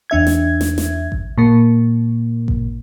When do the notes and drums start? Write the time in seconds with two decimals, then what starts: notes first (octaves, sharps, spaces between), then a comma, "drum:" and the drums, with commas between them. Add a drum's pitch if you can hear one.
0.10 E2 D4 E5 G#6
0.27 drum: snare
0.61 drum: snare
0.78 drum: snare
1.12 drum: kick A1
1.38 A#2 A#3
2.48 drum: kick A1